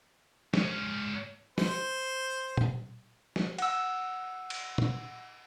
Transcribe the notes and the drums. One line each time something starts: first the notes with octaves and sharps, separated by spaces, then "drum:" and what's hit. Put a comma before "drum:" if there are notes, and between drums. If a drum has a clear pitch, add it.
G#2 C#4, drum: snare
C5, drum: snare
drum: tom
drum: snare
F#5 E6, drum: cymbal
drum: cymbal
drum: tom